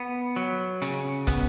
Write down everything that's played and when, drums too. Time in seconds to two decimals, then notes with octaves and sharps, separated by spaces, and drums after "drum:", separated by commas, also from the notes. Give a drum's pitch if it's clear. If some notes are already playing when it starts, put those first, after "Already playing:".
Already playing: B3
0.36 F#3
0.82 C#3, drum: hi-hat
1.27 B3, drum: kick, hi-hat